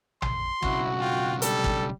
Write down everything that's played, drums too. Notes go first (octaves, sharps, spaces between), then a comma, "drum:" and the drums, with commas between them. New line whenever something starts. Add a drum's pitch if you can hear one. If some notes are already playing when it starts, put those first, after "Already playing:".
C6, drum: tom
B1 C#3 E4 F#4, drum: kick
F4 G5
G3 A4, drum: hi-hat
drum: kick